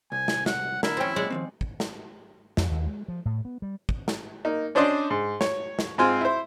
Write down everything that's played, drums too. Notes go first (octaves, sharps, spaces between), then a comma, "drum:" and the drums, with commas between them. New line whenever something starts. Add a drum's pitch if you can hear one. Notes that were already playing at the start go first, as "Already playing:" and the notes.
C2 G#5
drum: snare
F#5, drum: snare
D3 E4 A#4, drum: snare
E2 F#3 C4 C#4 G5
A#2 F#3 G#3 D5 F#5
D#3 F3 C4
drum: kick
drum: snare
F2, drum: snare
D#2
G#3
F3
A2
B3
G3
drum: kick
drum: snare
A#3 D#4
C#4 D4 C5 D5 D#5 C6
G#2
C#5, drum: snare
drum: snare
G#2 C4 F4 G#5
E4 C5